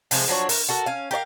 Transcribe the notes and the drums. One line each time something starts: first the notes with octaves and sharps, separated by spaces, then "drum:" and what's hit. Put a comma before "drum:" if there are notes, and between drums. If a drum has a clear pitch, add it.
C3 F3 G#3, drum: open hi-hat
F3 F#3 D4 C#5
A#4, drum: open hi-hat
F#4 A4 A#4
C#4 F5
G4 A#4 D5 F5